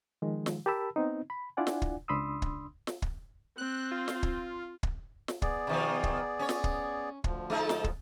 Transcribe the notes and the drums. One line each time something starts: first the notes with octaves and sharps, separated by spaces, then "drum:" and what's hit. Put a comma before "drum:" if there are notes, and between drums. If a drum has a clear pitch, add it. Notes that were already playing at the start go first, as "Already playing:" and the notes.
D#3 F3 G#3
drum: snare
G4 A#4 A5 B5 E6
B3 C4 D#4
B5
D4 E4 F4 D5 F#5 G#5
drum: snare
drum: kick
C#2 D4 B5 C6 D#6 E6
drum: kick
drum: snare
drum: kick
C4 F#6
F4
drum: snare
drum: kick
drum: kick
drum: snare
B3 G#4 D5, drum: kick
B2 D#3 F3
drum: kick
C#4 C#5
drum: snare
drum: kick
D2 F3, drum: kick
G#3 D#4 A4
drum: snare
drum: kick